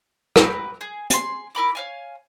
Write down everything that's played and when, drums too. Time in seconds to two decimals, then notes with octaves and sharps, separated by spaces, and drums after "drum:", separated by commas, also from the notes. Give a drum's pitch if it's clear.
0.36 G4 A#4 B4, drum: rim click
0.81 G#4
1.10 G#4 C6, drum: hi-hat
1.55 E4 A#4 B5 D6
1.75 C#5 F5 G#5